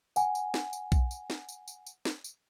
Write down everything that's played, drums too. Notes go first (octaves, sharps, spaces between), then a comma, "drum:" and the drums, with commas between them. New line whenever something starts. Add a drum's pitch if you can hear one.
F#5 G#5, drum: tambourine
drum: tambourine
drum: snare
drum: tambourine
drum: kick B1, tambourine
drum: tambourine
drum: snare
drum: tambourine
drum: tambourine
drum: tambourine
drum: snare
drum: tambourine